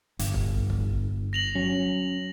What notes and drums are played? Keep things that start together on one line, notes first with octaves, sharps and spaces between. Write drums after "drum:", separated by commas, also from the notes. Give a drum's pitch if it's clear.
G1 G2, drum: hi-hat
drum: kick
drum: kick
A#6 F7 F#7
F#3 C#4